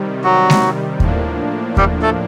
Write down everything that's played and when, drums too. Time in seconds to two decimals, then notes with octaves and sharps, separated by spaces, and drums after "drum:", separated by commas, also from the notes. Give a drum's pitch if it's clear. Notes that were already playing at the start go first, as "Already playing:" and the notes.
Already playing: C3 D#3 G3
0.24 F#3 F#4
0.50 drum: snare G#3
1.00 A2 F3 A#3 D4, drum: kick D#2
1.77 G3 G4, drum: kick D#2
2.02 A3 A4